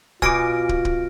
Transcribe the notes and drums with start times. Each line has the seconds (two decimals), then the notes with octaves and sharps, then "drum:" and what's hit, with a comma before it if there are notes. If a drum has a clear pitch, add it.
0.22 B2 F4 G#5 D6 F6 A#6 D7, drum: kick
0.69 drum: kick
0.85 drum: kick